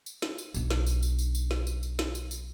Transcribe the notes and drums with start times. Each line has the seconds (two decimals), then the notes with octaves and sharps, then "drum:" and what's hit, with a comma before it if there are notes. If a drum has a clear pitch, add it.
0.06 drum: tambourine
0.22 drum: snare
0.38 drum: tambourine
0.54 B1 D4, drum: tambourine
0.70 drum: snare
0.87 drum: tambourine
1.03 drum: tambourine
1.19 drum: tambourine
1.35 drum: tambourine
1.51 drum: snare
1.67 drum: tambourine
1.83 drum: tambourine
1.99 drum: snare
2.15 drum: tambourine
2.31 drum: tambourine